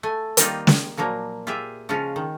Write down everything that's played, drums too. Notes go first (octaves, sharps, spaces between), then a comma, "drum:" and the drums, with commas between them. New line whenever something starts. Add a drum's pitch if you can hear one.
A3 G#5
D#3 G3 A#3 C4 D#4 F4, drum: hi-hat
drum: snare
A#2 F3 F#3 A#3
F4 G4 G#4 E5 G5
C#3 F3 G#3 C#4 F4
D#3